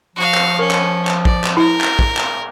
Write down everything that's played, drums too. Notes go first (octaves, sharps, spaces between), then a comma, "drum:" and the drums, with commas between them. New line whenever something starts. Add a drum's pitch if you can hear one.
F3 F#4 F5
drum: clap
C#4 A#4
drum: clap
drum: clap
D5, drum: kick
drum: clap
E4 A#4
drum: clap
drum: kick
drum: clap